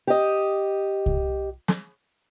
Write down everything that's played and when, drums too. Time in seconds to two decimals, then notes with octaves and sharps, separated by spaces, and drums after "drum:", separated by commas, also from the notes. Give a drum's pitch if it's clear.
0.07 G4 D#5
1.06 drum: kick C2
1.68 drum: snare